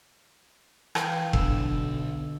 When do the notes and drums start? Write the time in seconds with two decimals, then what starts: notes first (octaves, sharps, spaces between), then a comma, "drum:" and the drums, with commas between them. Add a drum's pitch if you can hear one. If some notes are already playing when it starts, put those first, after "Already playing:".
0.95 E3 F5 G5, drum: rim click
1.33 B1 B2 D3 E6, drum: kick F1